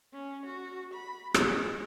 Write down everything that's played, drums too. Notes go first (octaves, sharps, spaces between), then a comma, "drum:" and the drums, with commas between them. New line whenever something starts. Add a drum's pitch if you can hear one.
C#4
F#4
B5
G#3, drum: rim click